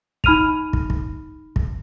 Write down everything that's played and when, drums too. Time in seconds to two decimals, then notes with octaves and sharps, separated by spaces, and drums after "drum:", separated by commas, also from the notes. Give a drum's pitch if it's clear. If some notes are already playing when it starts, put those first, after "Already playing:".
0.24 D#4 B5 F6 D#7 F7, drum: kick
0.73 drum: kick
0.90 drum: kick
1.56 drum: kick